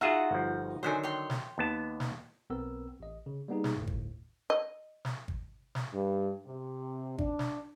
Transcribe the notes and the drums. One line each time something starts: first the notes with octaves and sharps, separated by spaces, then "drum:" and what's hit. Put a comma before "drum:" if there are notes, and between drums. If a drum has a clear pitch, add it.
D#4 F4 F#4 G#4 E5 F#5
G1 F3
D3 D#3 F#3 C5 E5 G#5
C#5 G5 C6
drum: snare
D#2 B3 A5
drum: snare
B1 B3 C4 A#4 E6
A1 D#5
C#3
G3 A#3 B3 D#4 G#4
drum: snare
G1 D2 A2
drum: kick G#1
D#5
drum: snare
drum: kick G#1
drum: snare
G2
C3
D4, drum: kick G#1
drum: snare